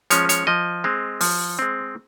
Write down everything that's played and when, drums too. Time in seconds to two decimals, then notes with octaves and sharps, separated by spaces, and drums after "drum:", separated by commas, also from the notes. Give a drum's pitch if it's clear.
0.10 F3 G#3 C#4 C#5, drum: hi-hat
0.29 C#5, drum: hi-hat
0.47 F3 D#5
0.84 G#3 C4
1.21 F3, drum: open hi-hat
1.59 G#3 C4